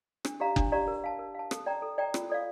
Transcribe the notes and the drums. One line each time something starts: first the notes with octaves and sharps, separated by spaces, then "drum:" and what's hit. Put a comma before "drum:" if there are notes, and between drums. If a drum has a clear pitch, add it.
D4, drum: rim click
G4 D5 F5 A#5
D4, drum: kick F#1
G4 D5 F5 A#5
A#4
F5 A5
A#4
F5 A5
A4, drum: rim click
D5 G5 A#5
A4
D5 G5 A#5
F4, drum: rim click
A4 D5 F5